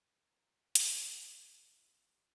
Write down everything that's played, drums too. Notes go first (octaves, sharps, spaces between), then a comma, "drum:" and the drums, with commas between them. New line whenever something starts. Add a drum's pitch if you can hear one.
G3
A#4
F4
C4
G3, drum: hi-hat
A#4
F4
A#3
G3
A#4
F4
A#3
G3